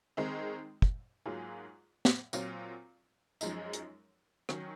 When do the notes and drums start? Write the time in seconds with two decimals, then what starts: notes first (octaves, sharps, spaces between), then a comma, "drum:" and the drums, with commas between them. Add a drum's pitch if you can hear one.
0.17 D#3 G#3 C4 D#4
0.82 drum: kick
1.26 G#2 F#3 A#3 F4 G#4
2.05 drum: snare
2.33 A#2 F#3 C4 F4, drum: tambourine
3.41 F#2 F3 G#3 D#4, drum: tambourine
3.73 drum: hi-hat
4.49 D#3 F#3 C#4, drum: rim click